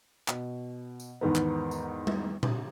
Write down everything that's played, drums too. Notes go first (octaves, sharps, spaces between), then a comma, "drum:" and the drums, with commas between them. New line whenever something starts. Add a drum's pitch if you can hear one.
B2, drum: clap
drum: tambourine
E2 G#2 D#3 B3
drum: clap
drum: tambourine
drum: tom G3
drum: tom A#2